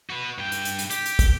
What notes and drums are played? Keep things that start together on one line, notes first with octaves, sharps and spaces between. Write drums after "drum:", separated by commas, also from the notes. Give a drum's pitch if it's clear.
F#4 B4
G2 G5
drum: hi-hat
drum: hi-hat
drum: hi-hat
G4, drum: hi-hat
drum: hi-hat
drum: kick, hi-hat